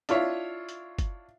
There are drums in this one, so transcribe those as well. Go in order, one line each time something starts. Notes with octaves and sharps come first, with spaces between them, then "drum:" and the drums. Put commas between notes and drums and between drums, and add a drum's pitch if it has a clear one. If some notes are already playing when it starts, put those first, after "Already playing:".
D4 E4 F4 C#5 E5, drum: hi-hat
drum: hi-hat
drum: kick F#1, hi-hat